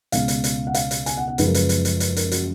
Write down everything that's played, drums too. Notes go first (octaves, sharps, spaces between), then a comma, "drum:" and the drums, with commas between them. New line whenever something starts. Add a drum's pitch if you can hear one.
C#2 B2 G#3 F5, drum: hi-hat
drum: hi-hat
drum: hi-hat
F#5
F5, drum: hi-hat
drum: hi-hat
G#5, drum: hi-hat
F#5
F#5
F#1 F#2 F3 G#3 B4, drum: hi-hat
A#4
B4, drum: hi-hat
drum: hi-hat
drum: hi-hat
B4, drum: hi-hat
A#4, drum: hi-hat
F#4, drum: hi-hat